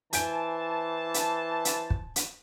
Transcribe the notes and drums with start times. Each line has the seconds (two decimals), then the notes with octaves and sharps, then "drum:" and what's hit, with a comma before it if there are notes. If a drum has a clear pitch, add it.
0.13 E3 C5 G#5 A5 G6 D7, drum: hi-hat
1.14 drum: hi-hat
1.65 drum: hi-hat
1.90 drum: kick
2.16 drum: hi-hat